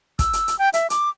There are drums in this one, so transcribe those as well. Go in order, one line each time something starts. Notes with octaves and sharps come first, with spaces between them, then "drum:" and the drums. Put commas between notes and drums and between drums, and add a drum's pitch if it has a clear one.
E6, drum: kick, hi-hat
drum: hi-hat
drum: hi-hat
G5
E5, drum: hi-hat
D6, drum: hi-hat